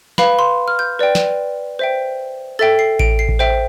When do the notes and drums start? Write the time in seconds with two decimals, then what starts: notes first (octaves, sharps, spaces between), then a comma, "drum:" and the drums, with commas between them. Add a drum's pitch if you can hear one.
0.18 B4 F5 B5, drum: snare
0.39 C6
0.68 F6
0.79 G6
0.99 B4 D5 G5
1.15 drum: snare
1.79 C5 E5 G5
2.59 A4 E5 G5 A6
2.79 C7
2.99 D7, drum: kick A1
3.19 C7
3.29 drum: kick A1
3.39 C5 E5 G5